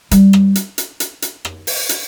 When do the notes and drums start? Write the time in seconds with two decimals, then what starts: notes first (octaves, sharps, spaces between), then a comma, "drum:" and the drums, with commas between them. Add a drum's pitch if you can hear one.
0.11 G3, drum: hi-hat
0.33 drum: rim click
0.55 drum: hi-hat
0.78 drum: hi-hat
1.00 drum: hi-hat
1.22 drum: hi-hat
1.45 drum: rim click
1.67 drum: open hi-hat
1.89 drum: hi-hat